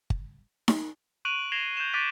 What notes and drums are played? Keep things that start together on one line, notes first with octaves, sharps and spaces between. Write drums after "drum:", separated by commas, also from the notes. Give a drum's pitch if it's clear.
drum: kick G1
drum: snare D#4
C#6 F#6 D7 D#7 F7 F#7
G#6 A#6 C7 E7 F7 G7
G6 E7
D6 F#6 A6 B6 D7 D#7